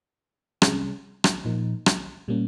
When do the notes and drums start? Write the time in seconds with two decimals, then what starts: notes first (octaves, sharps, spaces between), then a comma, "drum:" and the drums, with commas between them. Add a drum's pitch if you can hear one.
0.62 C3 G3 C#4 G#4, drum: rim click
1.24 drum: rim click
1.45 A#2 F3 A#3 D#4
1.86 drum: rim click
2.28 A#2 G3 A#3 C#4